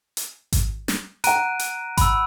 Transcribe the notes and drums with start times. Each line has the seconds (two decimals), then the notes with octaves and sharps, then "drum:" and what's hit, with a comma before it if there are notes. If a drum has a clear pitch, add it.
0.17 drum: hi-hat
0.52 drum: kick G#1, hi-hat
0.88 drum: snare
1.24 F#5 A#5 F#6 D7 D#7, drum: hi-hat
1.59 drum: hi-hat
1.97 B5 E6, drum: kick G#1, hi-hat